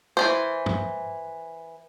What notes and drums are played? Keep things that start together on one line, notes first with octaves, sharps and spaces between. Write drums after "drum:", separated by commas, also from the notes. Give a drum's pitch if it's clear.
E3 A3 C5
drum: tom